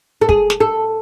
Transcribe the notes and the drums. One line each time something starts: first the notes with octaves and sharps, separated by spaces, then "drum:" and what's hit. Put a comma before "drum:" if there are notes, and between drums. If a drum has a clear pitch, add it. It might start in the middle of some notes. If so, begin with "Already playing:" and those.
A4
G#4, drum: kick
drum: snare
A4